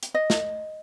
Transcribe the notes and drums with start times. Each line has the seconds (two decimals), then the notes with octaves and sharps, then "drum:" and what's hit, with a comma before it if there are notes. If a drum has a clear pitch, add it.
0.03 drum: hi-hat
0.14 D#5
0.30 drum: snare